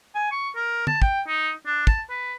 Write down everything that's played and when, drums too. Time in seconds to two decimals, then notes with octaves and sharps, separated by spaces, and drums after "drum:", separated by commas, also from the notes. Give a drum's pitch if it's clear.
0.15 G#5
0.32 C#6
0.55 A#4
0.87 A5, drum: tom
1.02 G5, drum: kick
1.27 D#4
1.66 D4
1.87 A5, drum: kick
2.09 B4